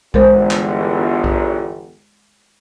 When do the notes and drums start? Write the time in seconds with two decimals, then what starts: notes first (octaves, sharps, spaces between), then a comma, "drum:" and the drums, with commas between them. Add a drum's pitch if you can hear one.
0.14 G1 E2 G#3 A#4 C5, drum: kick B1
0.51 drum: clap
1.24 drum: kick B1